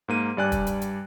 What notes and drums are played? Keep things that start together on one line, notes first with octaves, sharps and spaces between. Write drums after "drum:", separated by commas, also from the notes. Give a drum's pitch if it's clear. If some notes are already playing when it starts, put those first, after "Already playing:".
G#2 A#3 D#7
G2 G3 D5 G#5 F#6
drum: kick, hi-hat
drum: hi-hat
drum: hi-hat